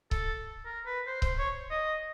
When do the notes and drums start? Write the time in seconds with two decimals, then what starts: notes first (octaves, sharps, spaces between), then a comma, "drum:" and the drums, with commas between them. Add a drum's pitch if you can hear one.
0.11 A4, drum: kick C#1
0.65 A#4
0.86 B4
1.07 C5
1.22 C5, drum: kick C#1
1.39 C#5
1.71 D#5